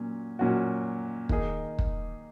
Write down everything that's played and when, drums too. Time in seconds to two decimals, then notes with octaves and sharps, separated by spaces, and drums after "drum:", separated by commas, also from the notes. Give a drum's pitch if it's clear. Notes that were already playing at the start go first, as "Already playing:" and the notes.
Already playing: A#2 F#3 C#4
0.39 A#2 F#3 C#4 F#4
1.29 D#3 A#3 D#4 G#4, drum: kick
1.79 drum: kick